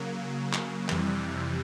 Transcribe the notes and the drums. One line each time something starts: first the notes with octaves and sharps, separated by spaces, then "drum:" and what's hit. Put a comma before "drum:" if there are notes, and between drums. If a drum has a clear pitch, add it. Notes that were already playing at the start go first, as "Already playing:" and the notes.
Already playing: C#3 F#3 A#3
drum: clap
F2 C3 E3 G3, drum: clap